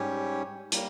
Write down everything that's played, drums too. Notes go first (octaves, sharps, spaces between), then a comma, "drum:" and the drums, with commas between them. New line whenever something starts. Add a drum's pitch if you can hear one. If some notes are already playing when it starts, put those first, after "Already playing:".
Already playing: G#2 G3 C#4 G4 C#5
G3 A#3, drum: hi-hat